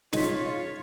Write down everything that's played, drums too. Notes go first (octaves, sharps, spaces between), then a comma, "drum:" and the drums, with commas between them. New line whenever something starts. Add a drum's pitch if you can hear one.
D#4 F4 G#4 C#5 C6 B6, drum: snare